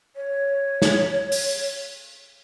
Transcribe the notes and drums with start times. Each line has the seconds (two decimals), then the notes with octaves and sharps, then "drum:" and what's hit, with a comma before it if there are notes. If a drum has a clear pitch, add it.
0.16 C#5
0.82 drum: snare
1.32 drum: open hi-hat